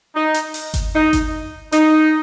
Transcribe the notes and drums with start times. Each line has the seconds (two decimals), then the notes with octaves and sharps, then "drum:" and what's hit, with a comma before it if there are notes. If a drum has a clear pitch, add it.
0.15 D#4
0.34 drum: hi-hat
0.54 drum: open hi-hat
0.74 drum: kick G1, hi-hat
0.94 D#4
1.13 drum: kick G1, hi-hat
1.72 D#4, drum: hi-hat